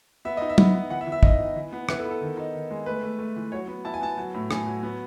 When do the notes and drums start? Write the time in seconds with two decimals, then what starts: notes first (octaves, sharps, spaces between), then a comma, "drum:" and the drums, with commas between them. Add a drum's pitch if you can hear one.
0.25 B3 E5
0.37 D#4 D#5
0.49 E5
0.58 B3, drum: tom
0.74 B3
0.90 E3 F#5
1.01 E5
1.07 E3
1.12 E5
1.23 D#4 D#5, drum: kick
1.39 E3
1.56 E3
1.73 B3
1.89 E4 B4, drum: rim click
1.99 A4
2.05 B3
2.10 A4
2.21 D#3
2.37 D#4
2.53 D#3
2.71 G#3
2.86 A3 B4
3.03 A3
3.19 A3
3.36 E3
3.52 F#3 C#5
3.68 B3
3.85 E4 A5
3.94 G#5
4.01 B3 A5
4.18 F#3
4.34 A2
4.51 A2 G#5, drum: rim click
4.67 F#3
4.83 B3